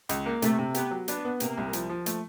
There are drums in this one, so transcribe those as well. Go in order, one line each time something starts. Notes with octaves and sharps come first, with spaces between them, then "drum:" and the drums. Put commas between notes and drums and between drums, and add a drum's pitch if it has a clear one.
C#2, drum: hi-hat
A#3
C3 A3, drum: hi-hat
C3
B3 G4, drum: hi-hat
F#3
B3 D4, drum: hi-hat
B3
C3 A#3, drum: hi-hat
C2
F3, drum: hi-hat
F3
A3, drum: hi-hat